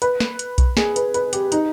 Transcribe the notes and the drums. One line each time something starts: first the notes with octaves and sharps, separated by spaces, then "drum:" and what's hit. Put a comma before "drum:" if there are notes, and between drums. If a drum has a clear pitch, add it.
B4, drum: hi-hat
drum: snare
drum: hi-hat
drum: kick B1, hi-hat
G#4, drum: snare
B4, drum: hi-hat
B4, drum: hi-hat
G4, drum: hi-hat
D#4, drum: hi-hat